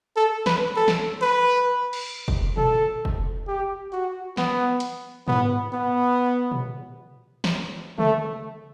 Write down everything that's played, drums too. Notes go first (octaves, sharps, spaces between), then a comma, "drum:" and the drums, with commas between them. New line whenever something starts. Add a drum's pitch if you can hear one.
A4
B4, drum: snare
A4
drum: snare
B4
drum: cymbal
drum: kick
A4, drum: tom A#2
drum: kick
G4
F#4
B3, drum: snare
drum: hi-hat
B3, drum: tom G#2
B3
drum: tom A#2
drum: snare
A3, drum: tom C#3